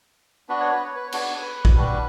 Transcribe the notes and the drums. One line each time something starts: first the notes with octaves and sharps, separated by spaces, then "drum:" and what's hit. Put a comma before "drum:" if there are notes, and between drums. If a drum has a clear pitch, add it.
B3 D4 F#4 B4
C#5
B4
C#5
B4
C#5
B3 D4 F#4, drum: cymbal
B4
C#5
B4
drum: kick A#1
G3 D4 F#4 B4